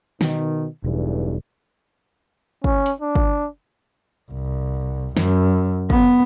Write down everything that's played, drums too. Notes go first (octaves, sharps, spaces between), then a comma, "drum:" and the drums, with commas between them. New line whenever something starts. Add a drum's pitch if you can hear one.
B2 D#3, drum: snare
E1 B1 E2 G2
C#4, drum: kick
drum: hi-hat
D4
drum: kick
C2
F#2, drum: snare
B3, drum: kick